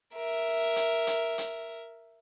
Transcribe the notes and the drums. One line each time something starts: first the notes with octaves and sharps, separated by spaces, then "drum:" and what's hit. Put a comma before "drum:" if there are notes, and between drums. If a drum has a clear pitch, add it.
A#4 E5
drum: hi-hat
drum: hi-hat
drum: hi-hat